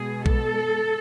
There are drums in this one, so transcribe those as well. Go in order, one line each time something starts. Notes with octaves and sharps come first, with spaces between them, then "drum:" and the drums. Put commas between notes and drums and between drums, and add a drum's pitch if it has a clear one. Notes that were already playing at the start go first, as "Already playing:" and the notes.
Already playing: B2 G#3 G#4
A4, drum: kick A#1